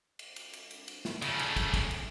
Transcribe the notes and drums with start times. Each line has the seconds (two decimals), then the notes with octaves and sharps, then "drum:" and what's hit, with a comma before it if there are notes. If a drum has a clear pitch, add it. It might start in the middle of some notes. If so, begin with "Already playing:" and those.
0.19 drum: cymbal
0.36 drum: cymbal
0.53 drum: cymbal
0.71 drum: cymbal
0.88 drum: cymbal
1.05 drum: snare
1.22 C#3 A3, drum: cymbal
1.39 drum: cymbal
1.56 drum: kick, cymbal
1.74 drum: kick, cymbal
1.91 drum: cymbal